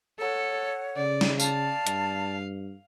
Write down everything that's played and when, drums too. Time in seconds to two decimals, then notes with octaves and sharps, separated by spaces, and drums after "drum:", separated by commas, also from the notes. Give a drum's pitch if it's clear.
0.19 A4 C#5 F#5
0.97 C#3 D5
1.21 drum: snare
1.40 D5 F5 A5, drum: tambourine
1.87 G2, drum: hi-hat